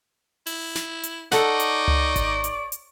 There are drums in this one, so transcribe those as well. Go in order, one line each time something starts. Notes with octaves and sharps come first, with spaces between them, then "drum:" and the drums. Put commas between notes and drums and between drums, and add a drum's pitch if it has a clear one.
E4, drum: open hi-hat
drum: snare
drum: hi-hat
D#4 A4 C#5 D5 F#5, drum: snare
drum: hi-hat
drum: tom C#2
drum: kick G#1, hi-hat
drum: hi-hat
drum: hi-hat